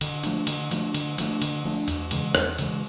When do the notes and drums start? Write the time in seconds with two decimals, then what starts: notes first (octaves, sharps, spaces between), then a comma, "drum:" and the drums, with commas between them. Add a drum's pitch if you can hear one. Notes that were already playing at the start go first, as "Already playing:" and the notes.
0.01 D3, drum: cymbal
0.23 F3 A3 D4, drum: cymbal
0.47 D3, drum: cymbal
0.71 F3 A3 D4, drum: cymbal
0.94 D3, drum: cymbal
1.18 F3 A3 D4, drum: cymbal
1.42 D3, drum: cymbal
1.65 F3 A3 D4
1.88 E2, drum: cymbal
2.11 C#3 E3 G#3, drum: cymbal
2.35 E2, drum: rim click
2.58 C#3 E3 G#3, drum: cymbal